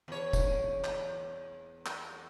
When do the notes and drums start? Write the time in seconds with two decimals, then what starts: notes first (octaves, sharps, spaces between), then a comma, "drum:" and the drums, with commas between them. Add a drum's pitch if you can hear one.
0.08 E2 C#5
0.33 drum: kick, tambourine
0.84 drum: clap
1.86 drum: clap